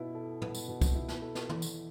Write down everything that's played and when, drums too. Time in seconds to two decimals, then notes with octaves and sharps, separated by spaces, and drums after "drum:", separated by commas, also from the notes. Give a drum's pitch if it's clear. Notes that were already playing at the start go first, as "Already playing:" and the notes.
Already playing: B2 B3 E4
0.15 A4
0.42 B3, drum: tom
0.55 drum: tambourine
0.68 B2
0.81 drum: kick C2, tambourine
0.95 E4
1.08 drum: snare
1.22 A4
1.35 drum: snare
1.49 E2, drum: tom
1.62 drum: tambourine